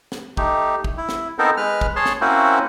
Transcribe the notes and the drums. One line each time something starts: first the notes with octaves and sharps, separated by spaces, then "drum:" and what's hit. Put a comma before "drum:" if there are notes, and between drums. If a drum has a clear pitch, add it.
drum: snare
A3 D#4 G4, drum: kick
drum: kick
E4
drum: snare
B3 C4 D#4 A4 A#4 C5
G#3 B4 F6
drum: kick
G#4 C#5 A5 C6
drum: snare
A#3 C4 C#4 E4 F#4 C5